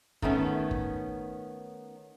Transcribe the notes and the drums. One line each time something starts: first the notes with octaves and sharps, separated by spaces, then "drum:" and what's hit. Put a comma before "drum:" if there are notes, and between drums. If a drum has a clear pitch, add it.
D#3 A3 B3 C#4, drum: kick F#1
drum: kick F#1